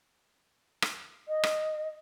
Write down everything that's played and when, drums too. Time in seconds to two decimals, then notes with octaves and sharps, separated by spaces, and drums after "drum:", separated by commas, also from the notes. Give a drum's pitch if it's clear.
0.82 drum: rim click
1.28 D#5
1.43 drum: rim click